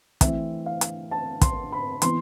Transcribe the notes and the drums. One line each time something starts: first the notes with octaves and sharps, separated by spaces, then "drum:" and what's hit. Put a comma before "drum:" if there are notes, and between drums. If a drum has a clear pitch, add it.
E3 A3 C4 E5, drum: kick, hi-hat
F5
drum: hi-hat
A5
C6, drum: kick, hi-hat
B5
E3 B3 C6, drum: hi-hat